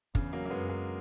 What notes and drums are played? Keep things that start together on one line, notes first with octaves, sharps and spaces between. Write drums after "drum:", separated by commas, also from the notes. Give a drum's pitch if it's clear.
E2 C#3, drum: kick
F#3 A#3
A#3
F#2 G#3 B3
G#3 B3